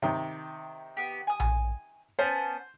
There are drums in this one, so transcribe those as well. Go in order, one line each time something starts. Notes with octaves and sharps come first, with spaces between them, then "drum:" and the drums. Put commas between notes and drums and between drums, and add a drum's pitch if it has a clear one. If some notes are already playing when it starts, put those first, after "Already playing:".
C3 D#3
B3 G4
G#5 D#6
drum: tom A#1
B3 C#4 C5 A5